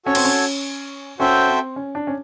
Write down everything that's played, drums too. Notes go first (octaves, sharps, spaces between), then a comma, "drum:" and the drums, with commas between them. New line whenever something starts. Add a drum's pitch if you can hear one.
C#4 F#4 A4 C#5
C4, drum: cymbal
C#4
C#4 F#4 A4 C5 E5 G5
C4
C#4
D4
C#4